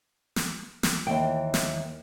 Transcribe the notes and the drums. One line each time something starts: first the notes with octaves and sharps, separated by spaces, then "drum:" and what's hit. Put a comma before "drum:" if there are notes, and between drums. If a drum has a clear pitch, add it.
drum: snare
drum: snare
D#2 E3 G5
drum: snare